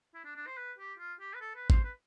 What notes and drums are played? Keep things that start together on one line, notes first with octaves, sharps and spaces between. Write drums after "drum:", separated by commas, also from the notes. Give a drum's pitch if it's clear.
E4
D4
D4
C5
B4
G4
F4
G4
B4
A4
B4
C5, drum: kick
B4